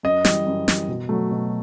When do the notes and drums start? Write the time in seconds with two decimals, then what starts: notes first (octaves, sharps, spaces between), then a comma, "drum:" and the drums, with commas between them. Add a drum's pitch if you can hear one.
0.03 F#2 D#5
0.25 E3 G3, drum: snare
0.46 F#2
0.68 E3 G3, drum: snare
0.88 B2
1.09 F#3 A3
1.31 B2